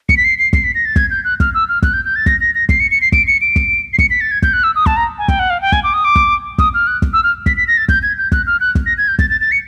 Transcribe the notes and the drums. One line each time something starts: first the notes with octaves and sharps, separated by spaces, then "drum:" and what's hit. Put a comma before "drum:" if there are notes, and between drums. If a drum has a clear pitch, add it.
C#7, drum: kick
B6
C7
C7
C7, drum: kick
B6
A#6
A6
G#6, drum: kick
G6
F#6
F6, drum: kick
E6
F6
F#6, drum: kick
G6
G6
A6
A#6, drum: kick
A#6
A#6
C7, drum: kick
C#7
C#7
C7
D7, drum: kick
C#7
D7
drum: kick
C7
C#7, drum: kick
B6
A6
G#6
G6, drum: kick
F#6
E6
D#6
A5, drum: kick
A#5
G#5
G5, drum: kick
F#5
F5
G5
G#5, drum: kick
D6
D#6
D6
drum: kick
D#6, drum: kick
F6
F#6
drum: kick
E6
F6
B6, drum: kick
B6
A#6
A6
G6, drum: kick
G#6
G6
F#6, drum: kick
F6
F#6
drum: kick
A#6
G#6
G6
A6, drum: kick
A6
A6
C#7